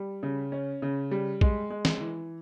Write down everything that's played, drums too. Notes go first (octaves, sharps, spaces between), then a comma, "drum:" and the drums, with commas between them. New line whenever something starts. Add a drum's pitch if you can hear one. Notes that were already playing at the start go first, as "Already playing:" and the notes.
Already playing: G3
C#3
C#4
C#3
G3
G#3, drum: kick A#1
G#3
drum: snare
E3